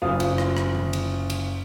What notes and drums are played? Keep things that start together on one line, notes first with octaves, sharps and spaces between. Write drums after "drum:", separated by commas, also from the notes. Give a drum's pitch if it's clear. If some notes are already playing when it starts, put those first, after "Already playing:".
F#1 F4 F5 D#6
drum: cymbal
drum: rim click
drum: rim click
drum: tom D3
drum: cymbal
drum: cymbal